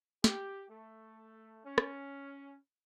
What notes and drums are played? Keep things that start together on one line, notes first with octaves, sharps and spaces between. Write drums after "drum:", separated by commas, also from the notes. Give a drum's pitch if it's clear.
G4, drum: snare
A3
C#4
drum: rim click